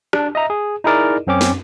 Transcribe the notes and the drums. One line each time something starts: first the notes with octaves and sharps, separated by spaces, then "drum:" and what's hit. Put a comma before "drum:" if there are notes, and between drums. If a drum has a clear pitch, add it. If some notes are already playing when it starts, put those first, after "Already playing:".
D4, drum: rim click
D#5 E5 A#5
G#4
D#4 E4 G#4 A#4 D5 D#5
F#2 C4 C#4 D6
drum: snare